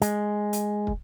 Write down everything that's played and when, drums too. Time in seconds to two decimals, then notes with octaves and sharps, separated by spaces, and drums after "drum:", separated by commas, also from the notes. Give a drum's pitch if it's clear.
0.02 G#3, drum: hi-hat
0.53 drum: hi-hat
0.87 drum: kick